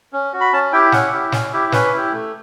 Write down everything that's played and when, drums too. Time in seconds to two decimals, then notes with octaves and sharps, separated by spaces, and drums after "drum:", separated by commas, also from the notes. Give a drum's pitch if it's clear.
0.13 C#4
0.33 F#4
0.41 B5
0.53 C#4 A5
0.73 E4 G4 G5
0.92 C#4 F#5, drum: snare
1.13 E4 G4
1.32 C#4, drum: snare
1.53 E4 G4
1.72 C#4 B4, drum: snare
1.92 E4 G4
2.12 A3